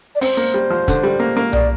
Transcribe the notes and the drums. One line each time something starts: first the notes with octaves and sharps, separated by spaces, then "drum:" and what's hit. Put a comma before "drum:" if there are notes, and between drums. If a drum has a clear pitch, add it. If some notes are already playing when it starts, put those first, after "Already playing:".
D5
C4 C5, drum: open hi-hat
A#3
G3
F3
D3, drum: kick, hi-hat
G3
A#3
A#3
D5, drum: tom B1